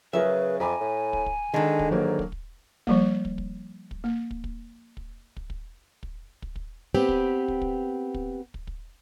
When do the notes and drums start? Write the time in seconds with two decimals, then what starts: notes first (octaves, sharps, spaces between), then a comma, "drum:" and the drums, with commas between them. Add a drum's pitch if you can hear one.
0.13 C#3 F#3 G#4 A#4 B4 E5
0.60 F2 G#5 A#5 B5 D6
0.81 A2
1.13 drum: kick
1.26 drum: kick
1.54 D3 D#3 G#3 A5
1.79 drum: kick
1.91 G#2 F#3 A#3
2.19 drum: kick
2.32 drum: kick
2.87 F3 G3 A#3, drum: kick
3.25 drum: kick
3.38 drum: kick
3.91 drum: kick
4.04 A#3
4.31 drum: kick
4.44 drum: kick
4.97 drum: kick
5.37 drum: kick
5.50 drum: kick
6.03 drum: kick
6.42 drum: kick
6.56 drum: kick
6.95 B3 C4 G4 B4
7.09 drum: kick
7.48 drum: kick
7.61 drum: kick
8.14 drum: kick
8.54 drum: kick
8.67 drum: kick